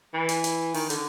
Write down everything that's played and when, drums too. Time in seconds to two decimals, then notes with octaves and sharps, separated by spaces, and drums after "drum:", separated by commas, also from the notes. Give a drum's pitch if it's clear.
0.14 E3
0.29 drum: hi-hat
0.44 drum: hi-hat
0.74 D#3, drum: open hi-hat
0.90 D3, drum: hi-hat